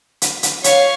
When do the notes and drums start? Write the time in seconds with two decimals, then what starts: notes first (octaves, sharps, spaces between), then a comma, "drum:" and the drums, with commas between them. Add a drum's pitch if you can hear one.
0.22 drum: hi-hat
0.43 drum: hi-hat
0.64 C#5 F5 C#6, drum: hi-hat